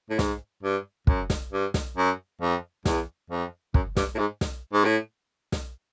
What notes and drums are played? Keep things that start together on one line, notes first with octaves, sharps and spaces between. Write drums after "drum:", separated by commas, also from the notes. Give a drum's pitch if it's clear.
A2
G#2, drum: snare
G2
F#2, drum: kick
drum: snare
G2
drum: snare
F#2
F2
E2, drum: snare
F2
F#2, drum: kick
G2, drum: snare
A2
G#2
drum: snare
G#2
A2
drum: snare